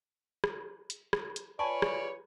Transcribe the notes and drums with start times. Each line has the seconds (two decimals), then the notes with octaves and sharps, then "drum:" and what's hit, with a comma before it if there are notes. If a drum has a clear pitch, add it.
0.44 drum: rim click
0.90 drum: hi-hat
1.13 drum: rim click
1.36 drum: hi-hat
1.59 F4 B4 C#5 D5 G#5 A5 B5 C#6
1.82 drum: rim click